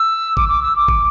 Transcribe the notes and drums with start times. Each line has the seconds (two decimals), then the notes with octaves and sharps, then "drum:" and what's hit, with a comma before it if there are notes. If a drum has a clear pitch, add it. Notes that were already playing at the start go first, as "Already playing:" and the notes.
Already playing: E6
0.37 D6, drum: kick
0.49 D6
0.63 E6
0.76 D6
0.88 drum: kick